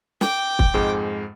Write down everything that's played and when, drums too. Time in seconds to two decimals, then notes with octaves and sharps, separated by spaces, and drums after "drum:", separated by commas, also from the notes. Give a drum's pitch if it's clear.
0.21 G5 D6, drum: snare
0.59 drum: kick
0.74 F2 G#2 G#3